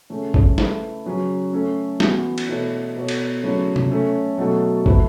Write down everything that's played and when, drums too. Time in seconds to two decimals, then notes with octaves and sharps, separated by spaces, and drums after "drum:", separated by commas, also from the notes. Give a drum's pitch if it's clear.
0.10 C#3 A3 C#4
0.34 drum: kick
0.58 A3 E4 B4, drum: snare
1.05 C#3 F#3 C#4
1.53 A3 C#4 A4
2.00 E3 B3 F#4, drum: snare
2.38 drum: cymbal
2.48 B2 A3 E4 A4 C#5
2.96 B2 B3 A4 C#5
3.08 drum: cymbal
3.43 C#3 F#3 A3 E4 C#5
3.76 drum: tom
3.91 A3 C#4 A4 C#5
4.38 B2 F#3 A3 F#4 A4
4.86 A3 E4 B4, drum: kick